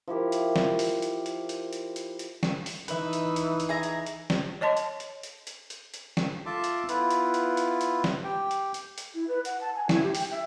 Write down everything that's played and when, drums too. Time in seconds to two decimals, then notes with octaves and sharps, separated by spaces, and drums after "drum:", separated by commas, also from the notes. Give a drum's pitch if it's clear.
0.08 F3 E4 G4 A#4
0.32 drum: hi-hat
0.56 drum: snare
0.79 drum: open hi-hat
1.02 drum: hi-hat
1.26 drum: hi-hat
1.49 drum: hi-hat
1.73 drum: hi-hat
1.96 drum: hi-hat
2.19 drum: hi-hat
2.43 drum: snare
2.66 drum: open hi-hat
2.88 E3 D#4 B4 E5, drum: hi-hat
3.13 drum: hi-hat
3.36 drum: hi-hat
3.60 drum: hi-hat
3.69 G#4 E5 A#5
3.83 drum: hi-hat
4.06 drum: hi-hat
4.30 drum: snare
4.61 C#5 D#5 A5 C6
4.77 drum: hi-hat
5.00 drum: hi-hat
5.23 drum: hi-hat
5.47 drum: hi-hat
5.70 drum: hi-hat
5.94 drum: hi-hat
6.17 drum: snare
6.46 F4 A4 E5 A5 C6 D6
6.64 drum: hi-hat
6.89 B3 E4 F4 B4, drum: hi-hat
7.11 drum: hi-hat
7.34 drum: hi-hat
7.57 drum: hi-hat
7.81 drum: hi-hat
8.04 drum: snare
8.24 G4 G5
8.51 drum: hi-hat
8.74 drum: hi-hat
8.98 drum: hi-hat
9.14 E4
9.28 B4
9.45 F#5, drum: hi-hat
9.61 A5
9.75 G#5
9.89 E4, drum: snare
10.03 G4
10.15 G5, drum: open hi-hat
10.31 E5